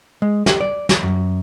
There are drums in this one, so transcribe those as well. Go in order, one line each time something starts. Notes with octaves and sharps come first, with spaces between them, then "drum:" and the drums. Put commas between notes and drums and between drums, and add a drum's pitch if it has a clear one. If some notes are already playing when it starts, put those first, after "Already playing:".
G#3
G4, drum: snare
D5
drum: snare
F#2